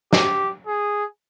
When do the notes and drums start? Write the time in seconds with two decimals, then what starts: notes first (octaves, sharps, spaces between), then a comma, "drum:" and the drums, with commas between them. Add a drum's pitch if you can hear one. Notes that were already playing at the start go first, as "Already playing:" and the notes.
0.13 G4, drum: snare
0.67 G#4